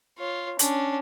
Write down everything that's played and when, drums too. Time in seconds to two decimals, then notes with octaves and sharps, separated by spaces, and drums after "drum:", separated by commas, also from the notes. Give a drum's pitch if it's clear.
0.18 F4 C#5
0.59 C#4 D4, drum: hi-hat